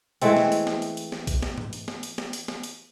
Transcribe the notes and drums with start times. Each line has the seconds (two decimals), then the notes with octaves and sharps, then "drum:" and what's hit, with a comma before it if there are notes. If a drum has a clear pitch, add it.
0.22 E3 G#3 A3 C4, drum: hi-hat
0.37 drum: snare
0.52 drum: hi-hat
0.67 drum: snare
0.82 drum: hi-hat
0.97 drum: hi-hat
1.12 drum: snare
1.27 drum: kick A#1, hi-hat
1.42 drum: snare
1.58 drum: tom G#2
1.73 drum: hi-hat
1.88 drum: snare
2.03 drum: hi-hat
2.18 drum: snare
2.33 drum: hi-hat
2.48 drum: snare
2.63 drum: hi-hat